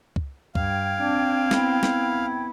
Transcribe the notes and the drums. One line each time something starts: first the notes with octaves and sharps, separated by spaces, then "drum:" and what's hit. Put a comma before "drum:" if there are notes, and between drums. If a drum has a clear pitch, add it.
drum: kick
G2 F5 G5 G#6, drum: kick
C4 D4
B3 E4, drum: snare
drum: snare